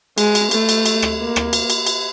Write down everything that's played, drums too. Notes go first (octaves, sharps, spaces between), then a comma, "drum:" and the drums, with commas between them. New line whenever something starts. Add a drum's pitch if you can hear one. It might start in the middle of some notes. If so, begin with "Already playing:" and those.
G#3, drum: cymbal
drum: cymbal
A3, drum: cymbal
drum: cymbal
drum: cymbal
drum: rim click
A#3
drum: rim click
drum: cymbal
drum: cymbal
drum: cymbal